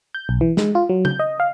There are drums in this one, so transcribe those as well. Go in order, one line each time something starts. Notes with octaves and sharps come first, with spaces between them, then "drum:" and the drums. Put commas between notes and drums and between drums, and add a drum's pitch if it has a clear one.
G6
B1
E3
G#3, drum: snare
F4
F#3
G6, drum: tom
D#5
F5